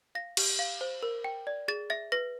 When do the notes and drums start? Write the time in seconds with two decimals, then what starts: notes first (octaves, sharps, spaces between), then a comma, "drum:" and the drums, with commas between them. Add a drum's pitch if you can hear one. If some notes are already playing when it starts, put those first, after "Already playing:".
0.15 F5 A#6
0.37 G4, drum: cymbal
0.59 F5
0.81 C5
1.03 A#4
1.24 G5
1.47 D5
1.68 G#4 A6
1.90 E5 A6
2.12 B4 A#6